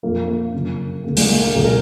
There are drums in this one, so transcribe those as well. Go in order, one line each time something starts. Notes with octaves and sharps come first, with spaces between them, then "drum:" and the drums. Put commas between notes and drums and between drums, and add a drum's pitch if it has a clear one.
F2 F3 A#3
A#3
F#2 C#3 F3
C#2 C#3 F#3 A#3
G#3, drum: open hi-hat
A#3
A#3
C#2 B2 F#3 G#4
A#4